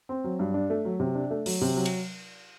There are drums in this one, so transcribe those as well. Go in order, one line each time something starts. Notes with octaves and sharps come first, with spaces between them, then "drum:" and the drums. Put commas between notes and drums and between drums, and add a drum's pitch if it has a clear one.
C4
F#3
G2
D4
A3
F#3
C3
D4
A3
F#3, drum: open hi-hat
C3
F#3
drum: cymbal